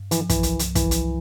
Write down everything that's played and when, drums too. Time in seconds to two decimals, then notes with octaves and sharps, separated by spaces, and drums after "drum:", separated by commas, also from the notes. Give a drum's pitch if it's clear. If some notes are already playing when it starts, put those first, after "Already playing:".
Already playing: G2
0.11 E3 F3, drum: hi-hat
0.30 E3, drum: kick, hi-hat
0.43 C2, drum: hi-hat
0.59 drum: hi-hat
0.75 C2 E3, drum: kick, hi-hat
0.91 drum: hi-hat